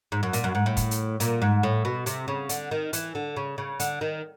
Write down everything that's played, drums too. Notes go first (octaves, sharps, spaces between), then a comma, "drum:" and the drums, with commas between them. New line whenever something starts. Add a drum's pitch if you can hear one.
G#2
F#2
A#2, drum: hi-hat
F#2
G#2
A2
drum: kick, hi-hat
drum: hi-hat
A#2, drum: hi-hat
G#2
A2
B2
C3, drum: hi-hat
C#3
D3, drum: hi-hat
D#3
E3, drum: hi-hat
D3
C#3
C#3
D3, drum: hi-hat
D#3